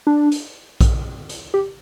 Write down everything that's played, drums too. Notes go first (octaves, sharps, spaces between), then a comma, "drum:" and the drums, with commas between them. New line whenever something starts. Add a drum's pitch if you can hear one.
D4
drum: hi-hat
drum: kick A#1, hi-hat
drum: hi-hat
G4